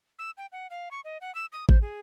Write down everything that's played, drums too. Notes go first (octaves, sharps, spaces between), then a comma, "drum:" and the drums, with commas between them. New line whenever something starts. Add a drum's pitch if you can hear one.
E6
G5
F#5
F5
C#6
D#5
F#5
E6
D#6
C5, drum: kick A1
G#4